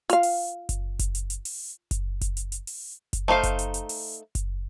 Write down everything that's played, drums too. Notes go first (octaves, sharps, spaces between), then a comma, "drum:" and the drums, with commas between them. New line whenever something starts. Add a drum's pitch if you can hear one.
F4 F5, drum: hi-hat
drum: open hi-hat
drum: kick F#1, hi-hat
drum: kick F#1, hi-hat
drum: hi-hat
drum: hi-hat
drum: open hi-hat
drum: kick F#1, hi-hat
drum: kick F#1, hi-hat
drum: hi-hat
drum: hi-hat
drum: open hi-hat
drum: kick F#1, hi-hat
A3 D#4 C5 F5
drum: kick F#1, hi-hat
drum: hi-hat
drum: hi-hat
drum: open hi-hat
drum: kick F#1, hi-hat